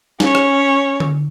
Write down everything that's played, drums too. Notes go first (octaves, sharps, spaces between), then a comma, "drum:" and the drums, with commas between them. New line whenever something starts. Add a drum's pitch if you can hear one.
C#4 C#5, drum: snare
drum: rim click
drum: tom D3